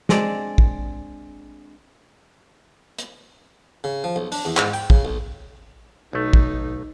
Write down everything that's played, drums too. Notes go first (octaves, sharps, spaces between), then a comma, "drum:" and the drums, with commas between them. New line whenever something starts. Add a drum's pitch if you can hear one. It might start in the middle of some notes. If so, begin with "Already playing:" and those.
G#3 C4 D4 D5, drum: snare
drum: kick
drum: hi-hat
C#3
F3
B1
D4, drum: open hi-hat
E2
G#2, drum: clap
G5
C#3, drum: kick
B1
B1 A3 D#4
drum: kick